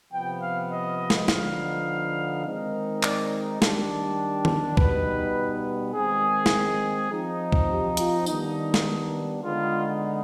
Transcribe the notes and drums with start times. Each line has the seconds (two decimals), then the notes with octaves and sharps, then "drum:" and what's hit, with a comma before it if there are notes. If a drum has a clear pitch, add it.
0.12 C3 F3 B3 G5
0.42 F5
0.71 D#5
1.10 drum: snare
1.28 D3 F3 B3 D#4 F5, drum: snare
2.45 D#3 G#3 C4 D#4
3.03 D5, drum: clap
3.62 D#3 G3 D4, drum: snare
4.45 drum: tom D#3
4.77 B2 G3 B3 D#4 B4, drum: kick
5.93 D#3 G#3 C4 G#4
6.46 drum: snare
7.10 F3 C4 D#4
7.52 drum: kick
7.69 G4
7.97 F4, drum: hi-hat
8.26 D#3 G3 B3 D4 D#4, drum: tambourine
8.74 drum: snare
9.43 D3 G#3 B3 D#4 F4